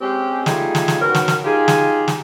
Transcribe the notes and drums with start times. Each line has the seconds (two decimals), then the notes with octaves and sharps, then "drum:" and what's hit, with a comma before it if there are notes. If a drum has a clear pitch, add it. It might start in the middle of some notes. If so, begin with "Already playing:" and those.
0.01 G#3 C4 C#4 G4
0.46 G3 A3 D#4 F4 G#4, drum: snare
0.75 drum: snare
0.88 drum: snare
1.01 G#2 B3 C#4 F#4 A#4
1.15 drum: snare
1.28 drum: snare
1.44 D#4 F4 G4 G#4
1.68 drum: snare
2.08 drum: snare